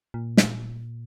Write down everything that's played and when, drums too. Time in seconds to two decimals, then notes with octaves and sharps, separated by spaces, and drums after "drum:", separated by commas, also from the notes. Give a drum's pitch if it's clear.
0.14 A#2
0.37 drum: snare